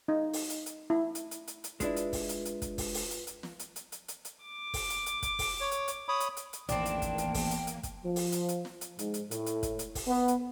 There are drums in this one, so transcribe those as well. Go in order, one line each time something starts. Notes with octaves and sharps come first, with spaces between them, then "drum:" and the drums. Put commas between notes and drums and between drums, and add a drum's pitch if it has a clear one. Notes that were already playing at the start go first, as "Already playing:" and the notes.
D#4
drum: open hi-hat
drum: hi-hat
drum: hi-hat
E4
drum: hi-hat
drum: hi-hat
drum: hi-hat
drum: hi-hat
G#3 D4 E4 F4 B4, drum: kick, hi-hat
drum: hi-hat
drum: kick, open hi-hat
drum: hi-hat
drum: hi-hat
drum: kick, hi-hat
drum: kick, open hi-hat
drum: open hi-hat
drum: hi-hat
drum: hi-hat
drum: snare
drum: hi-hat
drum: hi-hat
drum: hi-hat
drum: hi-hat
drum: hi-hat
D6
drum: kick, open hi-hat
drum: hi-hat
drum: hi-hat
drum: kick, hi-hat
drum: kick, open hi-hat
C#5
drum: hi-hat
drum: hi-hat
C#5 B5 D#6
drum: hi-hat
drum: hi-hat
drum: hi-hat
A1 E2 A2 D#3 A#3 C4 D4 G5, drum: hi-hat
drum: hi-hat
drum: kick, hi-hat
drum: hi-hat
drum: kick, open hi-hat
drum: hi-hat
drum: hi-hat
drum: kick, hi-hat
F3
drum: open hi-hat
drum: hi-hat
drum: hi-hat
drum: snare
drum: hi-hat
G#2, drum: hi-hat
drum: hi-hat
A2, drum: hi-hat
drum: hi-hat
drum: kick, hi-hat
drum: hi-hat
drum: kick, open hi-hat
B3
drum: hi-hat